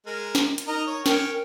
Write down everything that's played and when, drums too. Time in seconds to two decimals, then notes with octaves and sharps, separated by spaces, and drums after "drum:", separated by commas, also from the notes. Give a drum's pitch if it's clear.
0.06 G#3 A#4
0.35 drum: snare
0.58 drum: hi-hat
0.68 D#4 A#4 D#5 A#5
0.87 C#5
1.06 C#4 A#4 G5, drum: snare